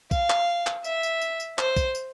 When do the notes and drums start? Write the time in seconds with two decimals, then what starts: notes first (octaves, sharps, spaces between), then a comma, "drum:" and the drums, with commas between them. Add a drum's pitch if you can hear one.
0.11 F5, drum: kick, tambourine
0.30 drum: clap
0.67 drum: clap
0.84 E5, drum: tambourine
1.03 drum: tambourine
1.22 drum: tambourine
1.40 drum: tambourine
1.59 C5, drum: clap
1.76 drum: kick, tambourine
1.95 drum: tambourine